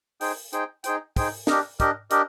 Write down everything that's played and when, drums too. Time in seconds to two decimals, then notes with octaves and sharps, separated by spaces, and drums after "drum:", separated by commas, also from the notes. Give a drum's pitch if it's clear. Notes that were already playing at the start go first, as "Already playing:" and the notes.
0.21 D#4 G#4 C5 G5, drum: open hi-hat
0.53 D#4 G#4 C5 G5, drum: hi-hat
0.84 D#4 G#4 C5 G5, drum: hi-hat
1.16 D#4 G#4 C5 G5, drum: kick, open hi-hat
1.47 D4 G4 A#4 D#5, drum: snare
1.80 D4 G4 A#4 D#5, drum: kick, hi-hat
2.11 D4 G4 A#4 D#5, drum: hi-hat